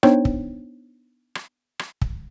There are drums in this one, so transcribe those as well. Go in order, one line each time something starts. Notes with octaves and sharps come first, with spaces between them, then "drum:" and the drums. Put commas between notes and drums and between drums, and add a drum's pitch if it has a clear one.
B3 D4 D#4 C5 C#5 G5, drum: rim click
drum: kick
drum: rim click
drum: rim click
drum: kick